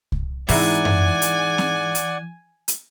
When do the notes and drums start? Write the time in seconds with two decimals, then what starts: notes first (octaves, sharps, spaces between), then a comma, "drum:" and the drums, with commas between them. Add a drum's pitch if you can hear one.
0.12 drum: kick C2
0.49 G#2 E3 C4 E4 D5 F#5 G#5, drum: open hi-hat
0.85 drum: tom F#2
1.22 drum: hi-hat
1.58 drum: snare C4
1.95 drum: hi-hat
2.68 drum: hi-hat